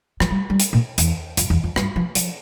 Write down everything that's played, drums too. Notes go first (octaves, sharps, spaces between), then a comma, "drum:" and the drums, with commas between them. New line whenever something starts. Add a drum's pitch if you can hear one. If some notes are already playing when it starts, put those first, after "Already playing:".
F3, drum: rim click
G3
G3
drum: hi-hat
A#2
E2, drum: hi-hat
F2, drum: hi-hat
E2
F2
G2, drum: rim click
F3
F3, drum: hi-hat